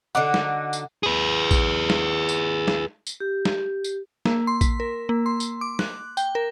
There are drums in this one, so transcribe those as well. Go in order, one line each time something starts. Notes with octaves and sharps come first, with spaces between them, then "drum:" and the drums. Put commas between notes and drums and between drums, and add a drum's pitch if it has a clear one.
D3 D#4 F#4 F#5 D6
drum: snare
drum: tambourine
G#4 B4
drum: kick A1, tambourine
drum: snare
drum: tambourine
drum: snare
drum: tambourine
G4
drum: snare
drum: tambourine
A#3, drum: snare
C6
B6, drum: kick A1, tambourine
A#4
A#3
C6
drum: tambourine
D6
F#6, drum: snare
G5, drum: tambourine
A#4